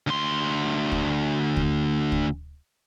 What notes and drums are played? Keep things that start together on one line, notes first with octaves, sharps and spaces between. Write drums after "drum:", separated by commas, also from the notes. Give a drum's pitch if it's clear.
D2 C6
drum: kick
drum: kick
drum: kick